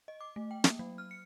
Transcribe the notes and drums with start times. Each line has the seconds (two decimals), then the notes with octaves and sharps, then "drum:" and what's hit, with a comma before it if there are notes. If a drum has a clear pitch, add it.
0.08 D#5
0.21 D6
0.36 A3
0.51 G5
0.64 A#3, drum: snare
0.79 F#3
0.98 F6
1.11 C#7